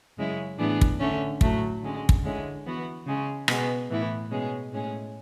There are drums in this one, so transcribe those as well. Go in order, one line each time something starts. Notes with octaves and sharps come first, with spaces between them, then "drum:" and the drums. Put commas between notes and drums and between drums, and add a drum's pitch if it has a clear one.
F#2 C#3 G#3 C#4 E4
A2 E3 B3 D4 G#4
drum: kick
D3 A3 C#4
A2 F#3 A3, drum: kick
D3 G#3 C#4
drum: kick
D3 G#3 C#4 E4
E3 B3 F#4
C#3 G#3 C#4
B2 G#3 B3, drum: rim click
A2 E3 B3 E4
B2 G#3 C#4 G#4
A2 G#3 C#4 G#4